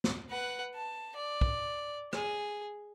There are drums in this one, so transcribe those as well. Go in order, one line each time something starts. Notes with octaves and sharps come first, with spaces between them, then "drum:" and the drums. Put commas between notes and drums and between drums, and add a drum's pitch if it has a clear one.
drum: snare
B4 F#5
A5
D5
drum: kick
G#4, drum: rim click